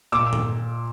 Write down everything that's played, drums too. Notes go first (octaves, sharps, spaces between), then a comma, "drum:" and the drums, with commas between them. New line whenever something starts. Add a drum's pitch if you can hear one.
A#2 D6 E6
drum: tom